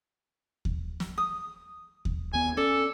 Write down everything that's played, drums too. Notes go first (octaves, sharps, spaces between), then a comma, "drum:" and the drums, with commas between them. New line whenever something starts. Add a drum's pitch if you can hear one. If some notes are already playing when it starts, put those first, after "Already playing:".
drum: kick D#2
drum: snare
D#6
drum: kick D#2
D#2 B3 G#5
C#4 A4 D5